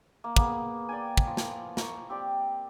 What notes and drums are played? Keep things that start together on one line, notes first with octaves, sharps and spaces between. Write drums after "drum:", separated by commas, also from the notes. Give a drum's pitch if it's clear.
A#3
A#3 B3 G#4, drum: kick
D5 G5 G#5
drum: kick
F3
drum: snare
A#5 C#6, drum: snare
C4 G4 D5